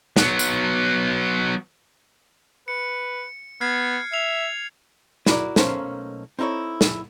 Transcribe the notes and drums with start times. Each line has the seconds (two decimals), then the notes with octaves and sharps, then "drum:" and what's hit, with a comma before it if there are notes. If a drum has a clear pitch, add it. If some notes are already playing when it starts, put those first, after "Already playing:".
0.17 F#3 B3, drum: snare
0.39 drum: tambourine
2.68 B4 C#7
3.61 B3 F6 G#6 C7
4.12 E5 C7 F7
5.26 E4 F#4 A4 A#4 D5, drum: snare
5.56 B1 A3 A#3 C#4 C5, drum: snare
6.39 C4 D#4 E4 A4 C#5
6.81 drum: snare